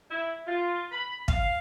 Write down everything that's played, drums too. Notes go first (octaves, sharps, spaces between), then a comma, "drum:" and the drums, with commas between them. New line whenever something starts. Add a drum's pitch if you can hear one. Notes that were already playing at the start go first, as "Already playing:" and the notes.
E4
F4
B5
F5, drum: kick